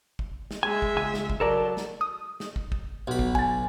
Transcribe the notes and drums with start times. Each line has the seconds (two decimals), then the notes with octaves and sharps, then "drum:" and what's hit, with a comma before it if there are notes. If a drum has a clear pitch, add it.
0.19 drum: kick
0.51 drum: snare
0.63 G#3 E5 G#5
0.82 drum: kick
0.96 C#2 G#5
1.14 drum: snare
1.30 drum: kick
1.40 F#3 A4 A#4 D5 A5
1.77 drum: snare
2.01 D#6
2.40 drum: snare
2.56 drum: kick
2.72 drum: kick
3.07 B1 B5
3.19 drum: kick
3.35 G#5 A6, drum: kick